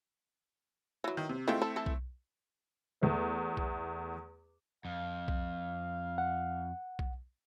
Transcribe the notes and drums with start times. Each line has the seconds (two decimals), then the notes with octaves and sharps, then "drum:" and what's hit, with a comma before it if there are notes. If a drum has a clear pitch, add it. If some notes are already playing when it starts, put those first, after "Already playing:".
1.04 E3 F#3
1.17 D#3
1.29 C3
1.48 G#3 A3 C4 E4 F4 G4
1.62 A4
1.76 E3 A4
1.86 drum: kick B1
3.01 E2 A3 B3
3.57 drum: kick B1
4.85 F2 F5
5.28 drum: kick B1
6.18 F#5
6.99 drum: kick B1